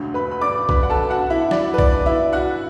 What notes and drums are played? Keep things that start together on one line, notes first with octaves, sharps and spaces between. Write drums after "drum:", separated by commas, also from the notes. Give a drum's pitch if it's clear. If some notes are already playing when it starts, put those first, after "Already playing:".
Already playing: E1 D2 D3
B4 B5
B5
D5 D6
B4 B5, drum: kick B1
F#5
A4 A5
F#4 F#5
E4 E5
D5, drum: snare
B4
D5, drum: kick B1
E4 E5
F#4 F#5